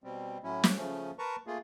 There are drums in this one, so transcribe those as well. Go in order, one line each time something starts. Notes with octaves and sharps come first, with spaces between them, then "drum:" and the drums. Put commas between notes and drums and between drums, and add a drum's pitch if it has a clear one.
B2 G3 C4
A2 F#3 C#4 E4
drum: snare
C#3 F3 A3 C#4
A#4 B4 A5 A#5 C#6
A3 A#3 F4 G#4